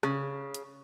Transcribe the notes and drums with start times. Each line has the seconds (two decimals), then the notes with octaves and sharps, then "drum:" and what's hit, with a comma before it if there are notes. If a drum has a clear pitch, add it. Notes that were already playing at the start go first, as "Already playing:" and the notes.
0.03 C#3, drum: rim click
0.55 drum: hi-hat